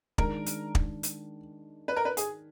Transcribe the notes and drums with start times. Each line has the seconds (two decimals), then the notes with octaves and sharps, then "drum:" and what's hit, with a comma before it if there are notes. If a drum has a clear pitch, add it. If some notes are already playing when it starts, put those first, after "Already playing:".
0.18 D#3 G#3 D4 A#4, drum: kick
0.46 drum: hi-hat
0.75 drum: kick
1.03 drum: hi-hat
1.88 B4
1.97 A#4
2.05 B4
2.17 G#4, drum: hi-hat